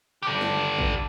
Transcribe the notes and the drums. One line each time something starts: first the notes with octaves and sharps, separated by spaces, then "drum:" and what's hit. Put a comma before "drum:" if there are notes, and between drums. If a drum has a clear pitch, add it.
G4 A4
drum: snare
drum: kick A1